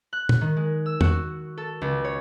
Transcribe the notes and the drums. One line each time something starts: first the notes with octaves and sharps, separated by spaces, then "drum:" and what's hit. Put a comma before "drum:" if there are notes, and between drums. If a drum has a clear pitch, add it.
F#6
drum: tom
D#3
G#3
E6
F#4, drum: tom
A4
C#2
C#5